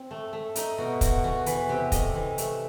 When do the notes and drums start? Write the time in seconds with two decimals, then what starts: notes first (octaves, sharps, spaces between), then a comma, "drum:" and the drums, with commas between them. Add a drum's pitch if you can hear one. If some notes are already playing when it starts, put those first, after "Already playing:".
Already playing: C4
0.11 A3
0.33 A3
0.56 A3 D#4, drum: hi-hat
0.78 B2 F#4
1.01 B2 F#4, drum: kick, hi-hat
1.24 E2 F#4
1.46 E3 B4, drum: hi-hat
1.69 C3 G4
1.92 A3 D#5, drum: kick, hi-hat
2.15 E3
2.38 A3, drum: hi-hat